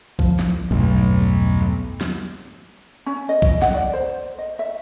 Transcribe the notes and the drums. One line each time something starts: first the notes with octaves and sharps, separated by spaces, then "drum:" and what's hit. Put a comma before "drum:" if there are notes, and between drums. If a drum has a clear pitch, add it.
F3, drum: kick A#1
drum: snare
B1 E2 G2 A3
drum: snare
C#4
D#5
drum: kick A#1
F#5, drum: snare
D5
C5
D#5
E5